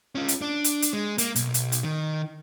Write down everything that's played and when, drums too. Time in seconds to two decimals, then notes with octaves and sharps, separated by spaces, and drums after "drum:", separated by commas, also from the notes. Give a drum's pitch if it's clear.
0.15 C#4 F4
0.28 drum: hi-hat
0.41 D4
0.64 drum: hi-hat
0.82 drum: hi-hat
0.93 G#3
1.18 A#3, drum: hi-hat
1.36 B1, drum: hi-hat
1.54 drum: hi-hat
1.72 drum: hi-hat
1.84 D#3